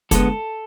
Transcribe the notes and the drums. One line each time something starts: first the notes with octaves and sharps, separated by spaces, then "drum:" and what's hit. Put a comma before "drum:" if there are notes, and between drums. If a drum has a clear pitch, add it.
D3 G#3 B3 A4, drum: kick, hi-hat